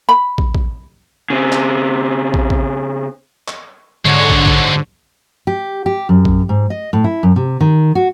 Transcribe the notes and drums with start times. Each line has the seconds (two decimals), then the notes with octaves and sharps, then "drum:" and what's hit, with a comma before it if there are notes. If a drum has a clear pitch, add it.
0.09 B5
0.38 drum: kick
0.55 drum: kick
1.30 C#3 C4
1.52 drum: clap
2.34 drum: kick
2.50 drum: kick
3.48 drum: clap
4.05 G#2 D3 G#3 F#4 C#5
4.30 drum: kick
4.46 drum: kick
5.47 G4
5.86 G4
6.09 F#2
6.25 drum: kick
6.49 G#2
6.70 D#5
6.93 A2
7.04 E4
7.23 F#2
7.36 C3
7.61 D#3
7.95 F#4